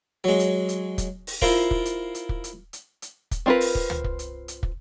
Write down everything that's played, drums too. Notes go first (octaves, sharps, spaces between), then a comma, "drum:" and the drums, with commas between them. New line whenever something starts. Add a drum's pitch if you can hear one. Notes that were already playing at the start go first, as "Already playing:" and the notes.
F#3 G#3
drum: hi-hat
drum: hi-hat
drum: kick, hi-hat
drum: open hi-hat
E4 F4 A#4 C5 F5, drum: kick
drum: kick
drum: hi-hat
drum: hi-hat
drum: kick
drum: hi-hat
drum: hi-hat
drum: hi-hat
drum: kick, hi-hat
C4 D4 F4 A#4 B4
drum: open hi-hat
drum: kick
drum: tom C#2
drum: kick
drum: hi-hat
drum: hi-hat
drum: kick